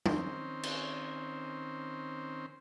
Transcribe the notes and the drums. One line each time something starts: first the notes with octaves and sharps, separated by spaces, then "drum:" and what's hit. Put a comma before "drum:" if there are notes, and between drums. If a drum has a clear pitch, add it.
D#3 C4 C#4 C5, drum: tom
drum: cymbal